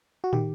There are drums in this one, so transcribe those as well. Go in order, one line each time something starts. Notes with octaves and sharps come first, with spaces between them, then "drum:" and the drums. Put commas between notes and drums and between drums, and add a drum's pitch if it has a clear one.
F#4
D#3 G4, drum: tom